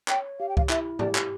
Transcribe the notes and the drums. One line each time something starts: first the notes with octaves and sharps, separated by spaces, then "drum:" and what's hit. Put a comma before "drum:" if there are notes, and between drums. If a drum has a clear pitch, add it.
C#5 G5, drum: clap
G4 F5
G5
F5, drum: kick C#2
E4 E5, drum: clap
G4 D5, drum: tom G#2
drum: clap